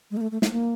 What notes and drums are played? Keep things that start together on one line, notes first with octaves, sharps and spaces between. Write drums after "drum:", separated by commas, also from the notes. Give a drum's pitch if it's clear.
G#3
A#3
A3
A3
A3, drum: snare
A#3